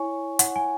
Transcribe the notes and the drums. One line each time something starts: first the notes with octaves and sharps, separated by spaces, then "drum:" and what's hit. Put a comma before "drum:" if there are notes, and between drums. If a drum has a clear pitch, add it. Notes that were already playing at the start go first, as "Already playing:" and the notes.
Already playing: E4 C#5 G#5 C#6
F#5, drum: hi-hat
G#5